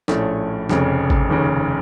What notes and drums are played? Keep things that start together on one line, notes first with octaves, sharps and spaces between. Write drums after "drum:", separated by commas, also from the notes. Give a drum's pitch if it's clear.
A#1 A2 A3 C#4, drum: snare
F1 F2 C#3, drum: snare
drum: kick G#1
F1 D#2 C#3